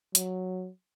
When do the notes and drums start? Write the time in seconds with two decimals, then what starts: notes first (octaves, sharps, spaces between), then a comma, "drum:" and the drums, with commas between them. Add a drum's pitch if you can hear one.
0.15 F#3, drum: hi-hat